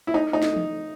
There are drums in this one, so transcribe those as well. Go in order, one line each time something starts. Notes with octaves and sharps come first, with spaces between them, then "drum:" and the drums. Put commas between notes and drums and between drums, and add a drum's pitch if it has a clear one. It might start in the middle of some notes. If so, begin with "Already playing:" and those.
E4
D#4
D#4
drum: snare
drum: tom E3